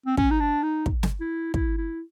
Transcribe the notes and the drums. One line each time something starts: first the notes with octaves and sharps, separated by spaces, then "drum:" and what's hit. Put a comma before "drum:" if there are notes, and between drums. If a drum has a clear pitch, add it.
C4
C#4, drum: kick
D#4
D4
D#4
drum: kick
drum: snare
E4
E4, drum: kick
E4